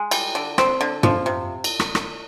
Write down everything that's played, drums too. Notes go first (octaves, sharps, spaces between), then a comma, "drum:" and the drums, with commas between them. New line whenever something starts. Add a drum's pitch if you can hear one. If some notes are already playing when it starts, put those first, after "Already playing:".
Already playing: G#3
G3, drum: cymbal
D3
C4, drum: rim click
D3
F3, drum: tom
C3
drum: cymbal
drum: rim click
drum: rim click